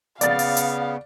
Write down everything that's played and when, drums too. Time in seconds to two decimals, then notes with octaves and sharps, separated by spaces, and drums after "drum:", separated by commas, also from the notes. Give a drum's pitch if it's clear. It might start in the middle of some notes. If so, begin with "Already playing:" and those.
0.21 C#3 B3 D5 F5 A6, drum: hi-hat
0.39 drum: open hi-hat
0.57 drum: hi-hat